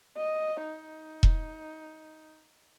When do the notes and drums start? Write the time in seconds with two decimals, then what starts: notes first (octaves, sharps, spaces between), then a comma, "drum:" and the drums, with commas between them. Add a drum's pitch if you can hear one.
0.17 D#5
0.64 D#4
1.23 drum: kick E1